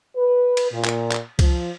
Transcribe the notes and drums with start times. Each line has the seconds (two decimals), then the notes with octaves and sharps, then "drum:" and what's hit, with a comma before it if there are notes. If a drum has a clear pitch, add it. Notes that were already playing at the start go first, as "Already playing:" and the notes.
0.16 B4
0.57 drum: cymbal
0.72 A#2
0.84 drum: clap
1.12 drum: clap
1.39 F3, drum: kick C2, cymbal